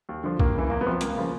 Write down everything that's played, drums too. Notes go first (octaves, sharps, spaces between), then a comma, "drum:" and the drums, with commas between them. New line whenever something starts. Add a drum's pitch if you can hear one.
D#2
D3 F3
D#2 A#3, drum: kick B1
C#3 E3
E2 A#3
B3
C3 F3
C#2 A#3, drum: hi-hat
C#3 F3